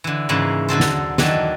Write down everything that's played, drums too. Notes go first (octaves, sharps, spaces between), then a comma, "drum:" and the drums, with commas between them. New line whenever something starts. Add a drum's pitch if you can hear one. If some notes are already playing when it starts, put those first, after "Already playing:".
D3 E3
G#2 C#3 E3 A#3
D3 F#3 A4 C5
drum: snare
D#3 E3 F#3 A3 D4, drum: snare